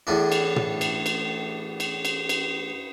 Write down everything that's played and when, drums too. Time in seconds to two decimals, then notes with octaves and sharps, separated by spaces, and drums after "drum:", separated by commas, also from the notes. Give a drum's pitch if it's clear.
0.07 E2 A2 D4
0.32 drum: cymbal
0.56 drum: tom
0.81 drum: cymbal
1.06 drum: cymbal
1.80 drum: cymbal
2.05 drum: cymbal
2.29 drum: cymbal